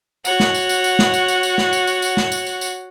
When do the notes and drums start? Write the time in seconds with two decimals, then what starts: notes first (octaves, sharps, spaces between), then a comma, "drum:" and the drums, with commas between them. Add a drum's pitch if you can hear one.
0.25 F#4 C#5 F#5, drum: tambourine
0.40 drum: snare
0.54 drum: tambourine
0.69 drum: tambourine
0.84 drum: tambourine
0.99 drum: snare
1.14 drum: tambourine
1.28 drum: tambourine
1.43 drum: tambourine
1.58 drum: snare
1.73 drum: tambourine
1.87 drum: tambourine
2.02 drum: tambourine
2.17 drum: snare
2.32 drum: tambourine
2.47 drum: tambourine
2.61 drum: tambourine